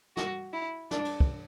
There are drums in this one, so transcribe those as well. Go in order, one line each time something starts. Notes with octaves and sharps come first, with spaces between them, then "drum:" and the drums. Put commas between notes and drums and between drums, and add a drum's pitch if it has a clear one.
F#4, drum: snare
E4
D4, drum: snare
drum: cymbal
drum: kick